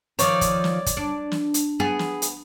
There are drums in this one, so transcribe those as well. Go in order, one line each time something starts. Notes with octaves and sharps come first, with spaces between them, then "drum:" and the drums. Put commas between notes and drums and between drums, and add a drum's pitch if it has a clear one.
D#3 F3 C#5 D5, drum: hi-hat
drum: kick, hi-hat
drum: snare
drum: kick, hi-hat
D4
drum: snare
drum: hi-hat
B3 G#4
drum: snare
drum: hi-hat